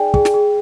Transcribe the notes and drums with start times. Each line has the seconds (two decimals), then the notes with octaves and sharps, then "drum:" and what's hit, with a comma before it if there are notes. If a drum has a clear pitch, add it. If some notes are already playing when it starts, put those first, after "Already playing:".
Already playing: D#4 G#4 D5 G5 G#5
0.14 G#4, drum: kick
0.25 drum: snare
0.34 G#4